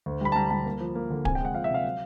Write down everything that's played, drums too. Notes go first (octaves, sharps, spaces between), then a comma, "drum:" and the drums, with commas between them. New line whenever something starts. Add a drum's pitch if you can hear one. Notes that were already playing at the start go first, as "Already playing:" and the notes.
D2
G3 B5
A5
G3 A#5
G3 A5
A#3
F3
A#3
D3
C3 G#5, drum: kick D1
G5
G#3 F#5
F3 F5
E5
C3 F5
F#3